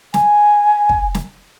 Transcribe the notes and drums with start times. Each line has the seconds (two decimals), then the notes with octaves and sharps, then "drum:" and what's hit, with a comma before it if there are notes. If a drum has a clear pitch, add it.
0.14 G#5, drum: snare
0.89 drum: kick
1.15 drum: snare